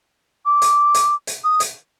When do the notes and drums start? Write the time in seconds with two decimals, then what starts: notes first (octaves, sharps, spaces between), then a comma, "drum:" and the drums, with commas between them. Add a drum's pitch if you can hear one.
0.45 D6
0.62 drum: hi-hat
0.94 drum: hi-hat
1.27 drum: hi-hat
1.44 D#6
1.60 drum: hi-hat